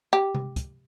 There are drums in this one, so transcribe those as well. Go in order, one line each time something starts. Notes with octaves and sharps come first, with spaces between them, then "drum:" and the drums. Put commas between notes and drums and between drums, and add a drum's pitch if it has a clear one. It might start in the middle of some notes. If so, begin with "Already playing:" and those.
G4
drum: tom C3
drum: kick, hi-hat